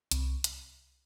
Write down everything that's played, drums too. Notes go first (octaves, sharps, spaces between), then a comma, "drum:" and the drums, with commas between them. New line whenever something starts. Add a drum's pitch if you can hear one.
C2, drum: hi-hat
drum: hi-hat